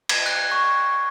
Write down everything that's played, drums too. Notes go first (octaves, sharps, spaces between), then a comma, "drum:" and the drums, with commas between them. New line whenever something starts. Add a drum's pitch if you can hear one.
G#6, drum: cymbal
F#6
C#6